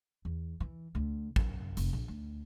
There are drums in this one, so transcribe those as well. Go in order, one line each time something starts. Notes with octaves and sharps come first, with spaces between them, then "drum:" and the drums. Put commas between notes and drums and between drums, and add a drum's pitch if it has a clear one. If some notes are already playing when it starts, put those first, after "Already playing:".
E2
E3
D2
F#2, drum: kick
F1, drum: hi-hat
A#1
D2